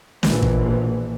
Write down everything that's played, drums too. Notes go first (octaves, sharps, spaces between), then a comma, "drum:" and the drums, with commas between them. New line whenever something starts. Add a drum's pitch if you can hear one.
A#1 B2 E3, drum: snare
drum: kick